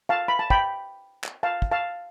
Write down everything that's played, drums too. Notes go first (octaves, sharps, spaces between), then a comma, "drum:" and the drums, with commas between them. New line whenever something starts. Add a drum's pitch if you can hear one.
F5 A5
B5
A5
G5 B5, drum: kick
drum: clap
F5 A5
drum: kick
F5 A5